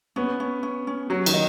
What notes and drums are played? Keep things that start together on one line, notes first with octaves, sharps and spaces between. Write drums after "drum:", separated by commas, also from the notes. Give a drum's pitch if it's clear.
B3 C#4
C#4
C#4
C#4
F#3 C#4
D#3, drum: cymbal
D#5